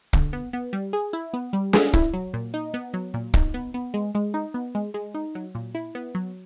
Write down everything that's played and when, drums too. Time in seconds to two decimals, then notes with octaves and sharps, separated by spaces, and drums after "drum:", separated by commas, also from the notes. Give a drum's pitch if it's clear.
0.13 D3, drum: kick
0.33 B3
0.53 B3
0.73 G3
0.93 G#4
1.13 E4
1.34 B3
1.53 G3
1.73 G#4, drum: snare
1.93 E4, drum: kick
2.13 F#3
2.34 A#2
2.54 D#4
2.74 B3
2.94 F#3
3.14 A#2
3.34 D#4, drum: kick
3.54 B3
3.74 B3
3.94 G#3
4.15 G#3
4.34 D#4
4.54 B3
4.75 G#3
4.94 G#3
5.14 D#4
5.35 F#3
5.55 A#2
5.75 E4
5.95 B3
6.15 F#3